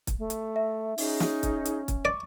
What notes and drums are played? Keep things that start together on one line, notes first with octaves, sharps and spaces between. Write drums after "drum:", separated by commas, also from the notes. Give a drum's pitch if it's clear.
drum: kick, hi-hat
A3
drum: hi-hat
E5
C#4 D#4 G#4, drum: open hi-hat
drum: snare
drum: kick, hi-hat
drum: hi-hat
drum: kick, hi-hat
D5 C#6